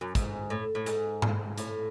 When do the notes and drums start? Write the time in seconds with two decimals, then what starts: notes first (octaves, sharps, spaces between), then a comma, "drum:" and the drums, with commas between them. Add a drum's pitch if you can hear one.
0.01 F#2
0.15 G#2, drum: kick, hi-hat
0.50 A2
0.75 A2
0.86 G#2, drum: hi-hat
1.22 drum: tom G#2
1.58 A2, drum: hi-hat